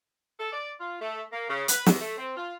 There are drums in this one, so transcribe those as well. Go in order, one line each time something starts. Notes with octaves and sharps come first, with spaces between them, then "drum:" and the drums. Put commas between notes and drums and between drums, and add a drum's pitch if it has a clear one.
A4
D5
F4
A3
A#3
C#3
B4, drum: hi-hat
E2, drum: snare
A3
C4
F4